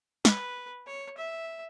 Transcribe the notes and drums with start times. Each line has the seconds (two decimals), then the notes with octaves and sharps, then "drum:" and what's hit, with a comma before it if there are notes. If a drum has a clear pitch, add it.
0.25 B4, drum: snare
0.86 C#5
1.17 E5